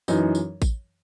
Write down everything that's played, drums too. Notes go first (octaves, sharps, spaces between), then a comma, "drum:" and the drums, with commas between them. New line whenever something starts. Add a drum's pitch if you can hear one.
F#2 E3 D#4, drum: tambourine
drum: tambourine
drum: kick A1, tambourine